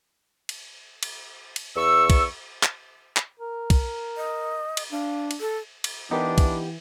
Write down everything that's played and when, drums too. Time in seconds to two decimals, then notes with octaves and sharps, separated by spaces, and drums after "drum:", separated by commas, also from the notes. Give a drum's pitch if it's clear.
0.49 drum: cymbal
1.03 drum: cymbal
1.56 drum: cymbal
1.76 E2 C#6 E6
2.10 drum: kick, cymbal
2.63 drum: clap
3.17 drum: clap
3.40 A#4
3.70 drum: kick, cymbal
4.17 D#5
4.77 drum: cymbal
4.92 D4 F5
5.31 drum: cymbal
5.40 A4
5.84 drum: cymbal
6.11 E3 B3 D4 D#4 G4 A#4 B4
6.38 drum: kick, cymbal